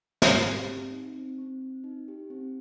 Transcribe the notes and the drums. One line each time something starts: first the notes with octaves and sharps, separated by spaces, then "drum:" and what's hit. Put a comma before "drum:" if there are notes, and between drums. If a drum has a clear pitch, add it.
C4, drum: snare
G4
C4
D#4
C4
C4
C4
D#4
G4
C4